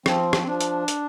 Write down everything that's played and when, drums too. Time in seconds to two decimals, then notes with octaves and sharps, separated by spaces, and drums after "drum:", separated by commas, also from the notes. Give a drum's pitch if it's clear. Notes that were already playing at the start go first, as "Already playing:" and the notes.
0.06 F3 C4, drum: rim click
0.33 drum: rim click
0.42 C4
0.47 F3 D4
0.61 drum: hi-hat
0.88 drum: hi-hat